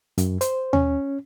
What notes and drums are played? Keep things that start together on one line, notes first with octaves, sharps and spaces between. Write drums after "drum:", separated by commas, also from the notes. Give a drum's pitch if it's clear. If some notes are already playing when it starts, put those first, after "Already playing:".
F#2, drum: hi-hat
C5, drum: hi-hat
C#4, drum: tom D#2